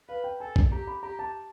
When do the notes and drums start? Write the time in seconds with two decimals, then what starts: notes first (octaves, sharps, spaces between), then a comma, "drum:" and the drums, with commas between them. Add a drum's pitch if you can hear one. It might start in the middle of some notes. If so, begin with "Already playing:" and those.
0.08 B4 F5
0.24 G5
0.40 A4 G#5
0.56 drum: kick
0.71 G4 A#5
0.87 B5
1.03 G4 A#5
1.19 A5